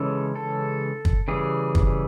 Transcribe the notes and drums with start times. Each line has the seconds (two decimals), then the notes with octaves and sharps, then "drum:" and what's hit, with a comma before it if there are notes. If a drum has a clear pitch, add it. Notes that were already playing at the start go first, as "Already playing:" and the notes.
Already playing: C#3 E3 G#3 C#4 A4
0.36 A4
1.05 drum: kick
1.28 C#3 E3 G3 G#4
1.75 drum: kick